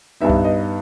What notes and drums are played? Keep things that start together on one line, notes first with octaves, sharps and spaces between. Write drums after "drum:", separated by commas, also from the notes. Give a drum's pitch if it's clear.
G2 G3 B3 D#4 E5
drum: kick C2
D#5